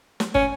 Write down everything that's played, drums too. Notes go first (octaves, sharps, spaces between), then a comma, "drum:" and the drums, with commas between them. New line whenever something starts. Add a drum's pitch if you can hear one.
drum: snare
C#4, drum: kick